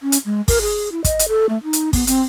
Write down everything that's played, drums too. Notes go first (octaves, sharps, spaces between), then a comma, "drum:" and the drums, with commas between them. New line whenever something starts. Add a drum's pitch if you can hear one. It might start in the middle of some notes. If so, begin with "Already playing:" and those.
C#4
drum: hi-hat
G#3
A#4, drum: kick, open hi-hat
G#4
E4
D#5, drum: kick, hi-hat
drum: hi-hat
A4
A3
D#4
drum: hi-hat
B3, drum: kick, open hi-hat
C4, drum: hi-hat